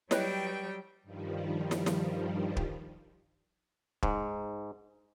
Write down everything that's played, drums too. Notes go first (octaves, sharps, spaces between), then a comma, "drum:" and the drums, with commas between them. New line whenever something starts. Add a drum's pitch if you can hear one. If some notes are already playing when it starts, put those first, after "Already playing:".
F#3 G3 B4 C#5 D#5 G5, drum: snare
G2 D#3 F3 G3
drum: snare
drum: snare
drum: kick
G#2, drum: kick